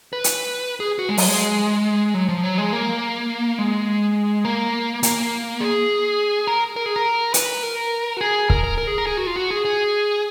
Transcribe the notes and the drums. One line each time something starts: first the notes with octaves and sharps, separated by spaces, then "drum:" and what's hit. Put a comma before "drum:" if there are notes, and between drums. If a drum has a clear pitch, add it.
B4
drum: hi-hat
G#4
F#4
G#3
F#3, drum: open hi-hat
G#3
F#3
F3
F#3
G#3
A#3
G#3
A#3
A#3, drum: hi-hat
G#4
A#4
A#4
G#4
A#4
B4, drum: hi-hat
A#4
F#4
G#4
A#4, drum: kick C#1
A#4
A#4
G#4
A#4
G#4
F#4
F4
F#4
G#4
G#4